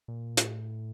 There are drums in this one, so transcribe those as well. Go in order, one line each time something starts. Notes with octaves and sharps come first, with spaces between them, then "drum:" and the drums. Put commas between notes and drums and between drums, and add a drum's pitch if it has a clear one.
A#2
A2, drum: hi-hat